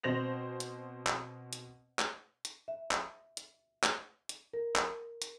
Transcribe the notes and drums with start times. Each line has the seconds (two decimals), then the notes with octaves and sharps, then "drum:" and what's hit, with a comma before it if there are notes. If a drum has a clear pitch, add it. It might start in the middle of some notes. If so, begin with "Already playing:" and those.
0.03 B2 C4 C5 A#6 F7 F#7
0.60 drum: hi-hat
1.06 drum: clap
1.53 drum: hi-hat
1.99 drum: clap
2.45 drum: hi-hat
2.68 E5
2.91 drum: clap
3.37 drum: hi-hat
3.83 drum: clap
4.29 drum: hi-hat
4.53 A#4
4.75 drum: clap
5.22 drum: hi-hat